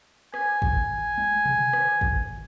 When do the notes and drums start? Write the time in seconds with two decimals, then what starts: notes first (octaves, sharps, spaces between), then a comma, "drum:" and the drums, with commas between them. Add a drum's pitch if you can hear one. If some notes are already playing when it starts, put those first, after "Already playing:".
0.34 G#5, drum: rim click
0.62 drum: kick
1.18 drum: tom G3
1.46 drum: tom B2
1.73 drum: rim click
2.01 drum: kick